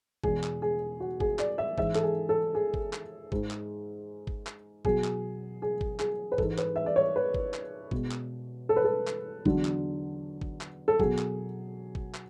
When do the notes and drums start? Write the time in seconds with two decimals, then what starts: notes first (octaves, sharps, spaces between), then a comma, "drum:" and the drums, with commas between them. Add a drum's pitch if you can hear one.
0.24 E2 B2 G#3 G#4, drum: kick
0.43 drum: clap
0.62 G#4
1.00 F#4
1.20 G#4, drum: kick
1.39 D5, drum: clap
1.58 E5
1.78 G#2 E3 G#3 E5, drum: kick
1.95 A4, drum: clap
2.03 G#4
2.29 A4
2.55 G#4
2.74 drum: kick
2.93 drum: clap
3.32 G#2 G#3, drum: kick
3.50 drum: clap
4.27 drum: kick
4.46 drum: clap
4.85 B2 F#3 G#4, drum: kick
5.04 drum: clap
5.62 G#4
5.81 drum: kick
5.99 G#4, drum: clap
6.32 B4
6.38 G#2 E3 G#3 A4, drum: kick
6.58 B4, drum: clap
6.76 E5
6.86 D5
6.96 C#5
7.16 B4
7.34 drum: kick
7.54 drum: clap
7.91 B2 G#3, drum: kick
8.11 drum: clap
8.69 A4
8.76 B4
8.85 A4
9.07 drum: clap
9.45 E2 D3 F#3, drum: kick
9.65 drum: clap
10.41 drum: kick
10.61 drum: clap
10.88 A4
11.00 B2 F#3 G#4, drum: kick
11.18 drum: clap
11.95 drum: kick
12.14 drum: clap